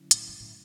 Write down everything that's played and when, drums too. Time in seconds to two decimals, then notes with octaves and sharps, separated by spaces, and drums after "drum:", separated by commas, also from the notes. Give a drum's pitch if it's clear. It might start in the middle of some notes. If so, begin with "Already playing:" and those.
Already playing: D3 F#3 C#4 E4
0.11 A2, drum: hi-hat
0.28 G2
0.40 A2